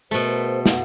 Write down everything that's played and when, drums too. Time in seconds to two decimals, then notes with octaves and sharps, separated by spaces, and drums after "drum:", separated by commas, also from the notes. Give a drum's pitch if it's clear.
0.11 B2 A3 G#4 A#4 C5
0.66 F5 F#5, drum: snare